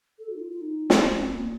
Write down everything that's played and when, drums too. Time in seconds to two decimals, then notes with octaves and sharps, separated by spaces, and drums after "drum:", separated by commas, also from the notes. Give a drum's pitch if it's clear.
0.19 A4
0.30 F#4
0.36 D#4
0.40 F4
0.51 F4
0.61 D#4
0.90 drum: snare
1.04 C#4
1.18 C4
1.32 A#3